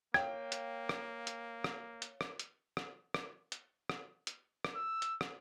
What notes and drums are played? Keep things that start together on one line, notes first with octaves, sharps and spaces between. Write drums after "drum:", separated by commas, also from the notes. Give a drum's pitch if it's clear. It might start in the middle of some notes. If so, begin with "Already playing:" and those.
A#3 C#5 F5 G5 G#6, drum: rim click
drum: hi-hat
drum: rim click
drum: hi-hat
drum: rim click
drum: hi-hat
drum: rim click
drum: hi-hat
drum: rim click
drum: rim click
drum: hi-hat
drum: rim click
drum: hi-hat
drum: rim click
E6
drum: hi-hat
drum: rim click